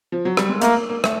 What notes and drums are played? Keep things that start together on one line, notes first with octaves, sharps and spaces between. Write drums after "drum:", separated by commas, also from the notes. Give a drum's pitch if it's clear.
F3
F#3
G3, drum: rim click
G#3
A3 A#3, drum: hi-hat
A#3
A#3
A3, drum: rim click